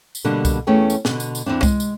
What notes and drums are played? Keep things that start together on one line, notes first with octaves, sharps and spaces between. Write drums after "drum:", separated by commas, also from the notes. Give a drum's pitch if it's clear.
drum: tambourine
B2 D3 G3 A#3 D4
drum: kick C2, tambourine
E2 A3 B3 C#4 G#4 G5
drum: tambourine
B2 D3, drum: snare
drum: tambourine
drum: tambourine
E2 A#3 C4 D4
G#3, drum: kick C2, tambourine
drum: tambourine